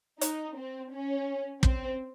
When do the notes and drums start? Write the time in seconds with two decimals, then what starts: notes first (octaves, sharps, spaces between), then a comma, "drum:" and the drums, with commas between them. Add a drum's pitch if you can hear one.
0.21 D#4, drum: hi-hat
0.57 C4
0.92 C#4
1.63 C4, drum: kick